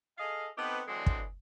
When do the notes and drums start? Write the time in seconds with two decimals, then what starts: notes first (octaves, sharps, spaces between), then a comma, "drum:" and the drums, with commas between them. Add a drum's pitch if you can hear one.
0.18 G#4 A4 D#5 F5
0.57 B3 C4 D#4 G4 A4 B4
0.87 D3 E3 F#3 G#3 C4 D4
1.06 drum: kick